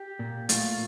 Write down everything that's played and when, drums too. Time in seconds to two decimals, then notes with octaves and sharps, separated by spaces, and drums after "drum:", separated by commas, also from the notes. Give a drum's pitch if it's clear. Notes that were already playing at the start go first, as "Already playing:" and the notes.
Already playing: G4
0.19 A#2
0.49 A3 F4, drum: hi-hat